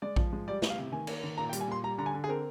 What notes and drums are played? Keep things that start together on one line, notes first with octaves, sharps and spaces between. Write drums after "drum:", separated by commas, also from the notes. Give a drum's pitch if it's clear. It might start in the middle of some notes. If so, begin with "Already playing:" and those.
G#3 D5
F3, drum: kick A#1
G#3
G3 D5
G3, drum: snare
F5
C3
D#3 G#5
A#3, drum: cymbal
D#3
A#2 A#5
G5
G3, drum: hi-hat
G#5
A#2 C6
G3 A#5
D3 A#5
G#5
D3
G#4
C4 A#4